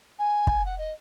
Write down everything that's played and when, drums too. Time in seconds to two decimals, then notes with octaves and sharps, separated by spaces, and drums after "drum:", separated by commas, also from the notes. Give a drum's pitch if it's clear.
0.19 G#5
0.47 drum: kick
0.65 F#5
0.78 D#5